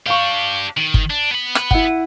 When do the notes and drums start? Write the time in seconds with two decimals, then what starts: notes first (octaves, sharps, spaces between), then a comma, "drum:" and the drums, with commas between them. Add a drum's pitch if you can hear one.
0.06 D4 G4 F5 C#6
0.77 D#3 F#7
0.94 drum: kick G1
1.10 D4
1.32 B3 B5
1.55 drum: rim click
1.71 E4 F#5, drum: kick G1